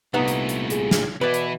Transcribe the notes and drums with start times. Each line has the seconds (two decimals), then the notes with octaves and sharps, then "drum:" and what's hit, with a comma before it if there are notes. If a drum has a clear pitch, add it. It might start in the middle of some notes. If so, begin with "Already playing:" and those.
0.14 C2 A#2 A3 B3 D#4
0.28 drum: hi-hat
0.49 drum: hi-hat
0.70 G#4, drum: hi-hat
0.91 drum: snare
1.21 B2 E3 E4 B4 D5
1.34 drum: hi-hat